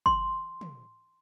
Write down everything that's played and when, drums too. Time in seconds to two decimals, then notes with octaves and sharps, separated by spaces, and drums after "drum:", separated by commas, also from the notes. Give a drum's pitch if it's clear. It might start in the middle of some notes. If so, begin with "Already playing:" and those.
0.06 C6, drum: kick F#1
0.61 drum: tom